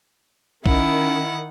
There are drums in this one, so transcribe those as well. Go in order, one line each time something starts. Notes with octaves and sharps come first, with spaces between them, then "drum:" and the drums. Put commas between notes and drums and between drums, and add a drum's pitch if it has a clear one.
D#3 C#4 E4 F#5, drum: kick B1